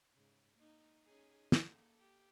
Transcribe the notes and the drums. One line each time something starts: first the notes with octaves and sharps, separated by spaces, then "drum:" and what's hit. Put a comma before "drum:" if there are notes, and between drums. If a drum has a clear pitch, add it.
G#2 C#3
A#3 D#4
C#4 D#4 G#4
A#3 A4, drum: snare
G4